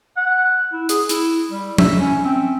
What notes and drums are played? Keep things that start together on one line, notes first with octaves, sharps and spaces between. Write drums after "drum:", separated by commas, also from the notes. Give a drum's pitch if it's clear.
F#5
E4
G#4, drum: hi-hat
E4, drum: hi-hat
G3
E5, drum: tom F3
C#4
C4